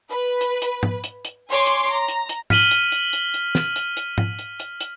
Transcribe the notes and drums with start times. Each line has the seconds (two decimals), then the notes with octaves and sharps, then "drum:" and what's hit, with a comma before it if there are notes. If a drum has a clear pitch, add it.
0.10 B4
0.41 drum: hi-hat
0.62 drum: hi-hat
0.83 drum: tom G#2
1.04 drum: hi-hat
1.25 drum: hi-hat
1.50 C#5 G#5 C6 D6
1.66 drum: hi-hat
1.91 A#5
2.08 drum: hi-hat
2.29 drum: hi-hat
2.50 F6 B6 D#7 F#7 G7, drum: tom G#2
2.71 drum: hi-hat
2.92 drum: hi-hat
3.13 drum: hi-hat
3.34 drum: hi-hat
3.55 drum: snare
3.76 drum: hi-hat
3.97 drum: hi-hat
4.18 drum: tom G#2
4.39 drum: hi-hat
4.60 drum: hi-hat
4.80 drum: hi-hat